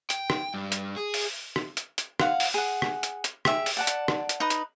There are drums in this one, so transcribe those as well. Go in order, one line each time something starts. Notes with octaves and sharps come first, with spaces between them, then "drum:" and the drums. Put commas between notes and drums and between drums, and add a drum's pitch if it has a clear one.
G5, drum: hi-hat
drum: rim click
G2
drum: hi-hat
G#4
drum: open hi-hat
drum: rim click
drum: hi-hat
drum: hi-hat
F5 F#5, drum: rim click
drum: open hi-hat
G#4 F#5
drum: rim click
drum: hi-hat
drum: hi-hat
G4 G#4 E5, drum: rim click
drum: open hi-hat
D5 F#5 A5
drum: hi-hat
drum: rim click
drum: hi-hat
D#4 B4 D#6
drum: hi-hat